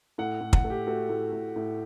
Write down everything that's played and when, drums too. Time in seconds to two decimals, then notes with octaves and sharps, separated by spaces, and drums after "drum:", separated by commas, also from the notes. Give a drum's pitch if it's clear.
0.18 A2 F#5
0.41 A2
0.53 F#5, drum: kick
0.64 A3
0.70 G4
0.87 A3 F#4
1.09 A2
1.32 A2
1.56 A2